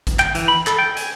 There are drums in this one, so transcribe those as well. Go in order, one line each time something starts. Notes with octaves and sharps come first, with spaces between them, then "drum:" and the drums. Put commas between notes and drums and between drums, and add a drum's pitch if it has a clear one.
drum: kick, hi-hat
G5, drum: clap
E3, drum: hi-hat
B5
A4, drum: clap
G5
G#5, drum: hi-hat